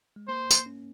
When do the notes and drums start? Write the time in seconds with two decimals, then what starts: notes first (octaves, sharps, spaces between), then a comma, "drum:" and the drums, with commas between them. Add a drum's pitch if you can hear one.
0.16 G#3
0.28 A#3 C5
0.51 drum: tambourine
0.66 C#4